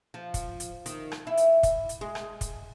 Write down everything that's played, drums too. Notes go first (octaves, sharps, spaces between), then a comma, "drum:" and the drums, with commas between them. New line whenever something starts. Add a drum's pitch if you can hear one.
F3
drum: kick, hi-hat
drum: hi-hat
D#3, drum: hi-hat
drum: rim click
E4
drum: hi-hat
drum: kick, hi-hat
drum: hi-hat
G#3
drum: rim click
drum: kick, hi-hat